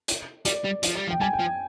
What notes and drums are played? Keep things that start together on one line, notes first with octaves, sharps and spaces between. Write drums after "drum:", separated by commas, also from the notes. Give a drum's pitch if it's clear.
drum: hi-hat
G3 D5, drum: hi-hat
G3
F3, drum: hi-hat
G3
F3
G5
G3 G#5
G5
F3